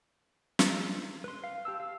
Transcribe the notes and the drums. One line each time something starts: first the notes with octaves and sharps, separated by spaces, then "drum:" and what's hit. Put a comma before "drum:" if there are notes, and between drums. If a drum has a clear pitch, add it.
drum: snare
B4 C6
F5
G4 A5 E6
F5